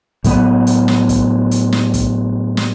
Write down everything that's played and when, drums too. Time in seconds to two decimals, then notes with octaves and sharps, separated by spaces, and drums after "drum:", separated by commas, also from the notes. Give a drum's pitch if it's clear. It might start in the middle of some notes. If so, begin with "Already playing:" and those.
0.24 A2 F#3 B3, drum: kick, hi-hat
0.67 drum: hi-hat
0.88 drum: snare
1.09 drum: kick, hi-hat
1.51 drum: hi-hat
1.72 drum: snare
1.94 drum: kick, hi-hat
2.57 drum: snare